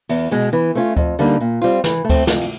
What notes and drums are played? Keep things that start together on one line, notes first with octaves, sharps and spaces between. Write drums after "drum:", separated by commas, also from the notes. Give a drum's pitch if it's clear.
E2, drum: cymbal
B2 G#3
E3
A3 C#4 F4
F2, drum: kick D2
D3 G3 A#3 D#4
A#2
G3 C4 F4
E3, drum: snare
A3
C4, drum: kick D2, cymbal
F2, drum: snare
drum: cymbal